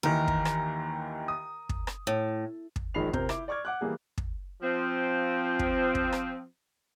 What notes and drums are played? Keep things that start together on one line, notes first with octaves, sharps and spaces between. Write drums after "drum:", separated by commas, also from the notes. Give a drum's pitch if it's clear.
D#2 D#3 E3 A#4
drum: kick
drum: rim click
D#6
drum: kick
drum: rim click
A2
drum: kick
A#1 D#3 G#3 B5 C7 F7
C3 C4 A#4 G6, drum: kick
E4 D6, drum: rim click
D5 C#6 D6 F6 G#6
F#5 D6 F#6
E3 G3 A#3 G#4
drum: kick
F3 C4
drum: kick
drum: kick
drum: rim click